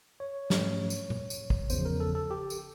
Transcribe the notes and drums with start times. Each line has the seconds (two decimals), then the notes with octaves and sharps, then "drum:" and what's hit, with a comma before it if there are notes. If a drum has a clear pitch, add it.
0.20 C#5
0.50 G#2 F3 A3 C#4, drum: snare
0.90 drum: tambourine
1.10 drum: tom
1.30 drum: tambourine
1.50 drum: kick
1.70 E2 C#3 F3 C5, drum: tambourine
1.85 A#4
2.00 A4
2.15 A4
2.31 G4
2.50 drum: tambourine